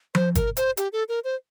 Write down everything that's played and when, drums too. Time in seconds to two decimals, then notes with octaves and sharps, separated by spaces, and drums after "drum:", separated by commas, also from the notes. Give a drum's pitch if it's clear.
0.15 C5, drum: tom F3
0.35 A#4, drum: kick G1, hi-hat
0.57 C5, drum: hi-hat
0.77 G4, drum: hi-hat
0.93 A4
1.09 A#4
1.24 C5